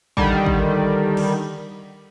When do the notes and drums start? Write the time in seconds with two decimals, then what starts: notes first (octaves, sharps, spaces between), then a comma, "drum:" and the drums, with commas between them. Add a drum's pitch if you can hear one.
0.17 D3 D#3 G3, drum: kick
0.46 drum: kick
1.17 drum: cymbal